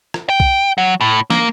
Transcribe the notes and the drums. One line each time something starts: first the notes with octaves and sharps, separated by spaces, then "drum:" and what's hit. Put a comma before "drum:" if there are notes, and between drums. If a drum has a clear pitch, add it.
drum: rim click
G5
drum: kick
F#3
A2
A#3, drum: snare